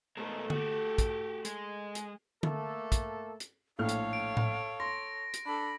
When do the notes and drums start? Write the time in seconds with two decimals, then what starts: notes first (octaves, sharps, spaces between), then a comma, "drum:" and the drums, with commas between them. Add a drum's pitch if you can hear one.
0.17 G#2 B2 A3 A4 A#4
0.50 F#4 G4, drum: tom D3
0.98 drum: kick, hi-hat
1.45 G#3, drum: hi-hat
1.95 drum: hi-hat
2.43 A3 A#3 A4, drum: tom D3
2.92 drum: kick, hi-hat
3.40 drum: hi-hat
3.79 A#1 A2 A4 C#5 F5 F6
3.88 drum: hi-hat
4.13 D7
4.37 drum: tom A2
4.80 C6 A#6
5.34 drum: hi-hat
5.46 D4 A4 B5